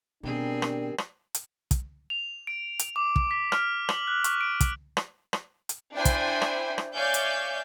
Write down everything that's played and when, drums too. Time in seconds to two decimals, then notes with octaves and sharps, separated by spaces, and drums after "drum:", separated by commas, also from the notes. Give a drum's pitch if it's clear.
0.23 B2 D#3 G3 C4 D4 G#4
0.62 drum: rim click
0.98 drum: rim click
1.35 drum: hi-hat
1.71 drum: kick, hi-hat
2.10 F7
2.47 D7
2.79 drum: hi-hat
2.96 D6
3.16 drum: kick
3.31 B6
3.52 F6, drum: rim click
3.89 F#7, drum: rim click
4.08 F#6
4.24 C#6, drum: hi-hat
4.41 D7
4.60 drum: kick, hi-hat
4.97 drum: rim click
5.33 drum: rim click
5.69 drum: hi-hat
5.93 D4 E4 C5 G5 G#5
6.05 drum: kick, hi-hat
6.42 drum: rim click
6.78 drum: rim click
6.95 C#5 D5 E5 F5 G#5 G6
7.14 drum: hi-hat